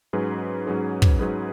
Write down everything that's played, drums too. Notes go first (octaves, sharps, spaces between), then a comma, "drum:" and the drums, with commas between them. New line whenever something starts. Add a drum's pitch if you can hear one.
G#2 F#3 C#4 G#4 B4
G#2 F#3 C#4 G#4 B4
drum: kick
G#2 F#3 C#4 G#4 B4